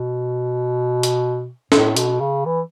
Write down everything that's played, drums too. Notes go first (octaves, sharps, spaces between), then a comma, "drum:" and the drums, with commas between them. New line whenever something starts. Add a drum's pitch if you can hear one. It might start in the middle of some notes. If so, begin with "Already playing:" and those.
Already playing: B2
drum: hi-hat
A2, drum: snare
B2, drum: hi-hat
C#3
E3